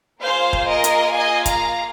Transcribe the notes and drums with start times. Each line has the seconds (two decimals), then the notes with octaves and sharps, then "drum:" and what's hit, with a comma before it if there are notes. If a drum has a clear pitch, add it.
0.21 A#3 F4 G#4 C5 F5
0.53 drum: kick
0.68 A#4 D#5
0.84 drum: hi-hat
1.15 D#5 G#5
1.46 F5 A#5, drum: kick, hi-hat